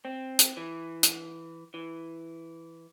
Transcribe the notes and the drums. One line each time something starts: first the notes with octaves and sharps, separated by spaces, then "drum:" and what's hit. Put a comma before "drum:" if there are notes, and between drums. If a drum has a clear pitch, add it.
C4
drum: hi-hat
E3
drum: hi-hat
E3